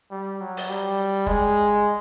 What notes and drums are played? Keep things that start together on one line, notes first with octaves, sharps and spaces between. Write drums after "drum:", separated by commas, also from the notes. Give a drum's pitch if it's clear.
G3
F#3
drum: open hi-hat
G3
G#3, drum: kick